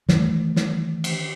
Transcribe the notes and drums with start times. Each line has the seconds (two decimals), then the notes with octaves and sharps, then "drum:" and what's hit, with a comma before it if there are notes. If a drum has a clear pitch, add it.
0.08 D#3 E3 A3, drum: snare
0.56 drum: snare
1.04 drum: cymbal